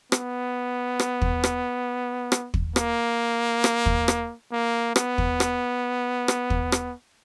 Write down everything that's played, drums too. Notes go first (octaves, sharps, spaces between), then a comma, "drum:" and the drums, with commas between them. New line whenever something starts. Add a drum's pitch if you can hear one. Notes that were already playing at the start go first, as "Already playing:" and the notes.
B3, drum: rim click
drum: rim click
drum: kick
drum: rim click
drum: rim click
drum: kick
A#3, drum: rim click
drum: rim click
drum: kick
drum: rim click
A#3
B3, drum: rim click
drum: kick
drum: rim click
drum: rim click
drum: kick
drum: rim click